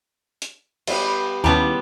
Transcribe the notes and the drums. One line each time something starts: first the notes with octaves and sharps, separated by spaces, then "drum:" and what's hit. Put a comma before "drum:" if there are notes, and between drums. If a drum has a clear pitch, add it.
drum: hi-hat
G3 B3 G4, drum: cymbal
D#2 C#3 G3 B3 E4 D5 A5 C6